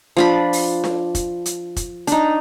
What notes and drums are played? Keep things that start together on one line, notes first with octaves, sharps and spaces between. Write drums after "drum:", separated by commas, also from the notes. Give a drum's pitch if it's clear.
F3 D4 B5
drum: open hi-hat
drum: snare D4
drum: kick, hi-hat
drum: hi-hat
drum: kick, hi-hat
D4 D#4, drum: hi-hat